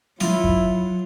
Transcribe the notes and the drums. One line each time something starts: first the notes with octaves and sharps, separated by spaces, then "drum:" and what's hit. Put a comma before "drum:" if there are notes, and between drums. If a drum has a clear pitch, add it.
F#3 E4 F4, drum: snare
drum: kick